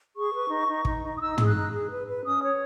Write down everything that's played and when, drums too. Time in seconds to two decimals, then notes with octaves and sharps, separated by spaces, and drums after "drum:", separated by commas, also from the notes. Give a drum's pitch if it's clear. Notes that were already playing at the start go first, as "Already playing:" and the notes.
0.16 G#4 C#6
0.34 B4
0.50 D#4
0.67 D#4
0.85 D#4, drum: kick
1.03 D#4
1.16 D#6
1.20 D#4 E6
1.38 G#4 E6, drum: tom
1.47 F#6
1.55 D#4
1.72 G#4
1.90 B4
2.07 B4
2.24 C#4 D#6
2.42 C#5